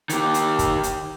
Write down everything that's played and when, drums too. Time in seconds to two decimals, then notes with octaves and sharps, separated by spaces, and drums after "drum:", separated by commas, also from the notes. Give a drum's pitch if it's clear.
0.10 D#3 G4, drum: hi-hat
0.34 drum: hi-hat
0.59 drum: kick, hi-hat
0.83 drum: hi-hat